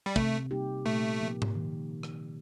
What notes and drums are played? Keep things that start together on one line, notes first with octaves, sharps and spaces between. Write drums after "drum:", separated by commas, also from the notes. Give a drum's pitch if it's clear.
G3
C3 A3, drum: kick
G3 A#3 D#4 G4
A#2 A3
F3 A#3
drum: tom G#2
D#3
drum: rim click